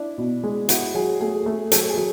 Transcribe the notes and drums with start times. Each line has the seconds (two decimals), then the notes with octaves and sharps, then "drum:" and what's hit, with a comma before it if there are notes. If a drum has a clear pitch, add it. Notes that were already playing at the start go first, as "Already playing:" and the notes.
Already playing: D4 E4
0.18 B2
0.43 G#3
0.69 E4 F#4, drum: hi-hat
0.95 F#3 G#4
1.20 A3 G#4
1.46 A3
1.72 F#3 A4, drum: hi-hat
1.89 G#4
1.97 F#3